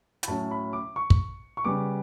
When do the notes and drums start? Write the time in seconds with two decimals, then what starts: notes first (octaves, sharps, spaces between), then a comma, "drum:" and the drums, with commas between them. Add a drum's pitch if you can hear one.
0.23 B5, drum: hi-hat
0.28 A2 F#3 C#4 A5
0.51 B5
0.73 D6
0.96 C#6
1.10 drum: kick
1.57 C#6
1.64 C#3 G3 B3 D6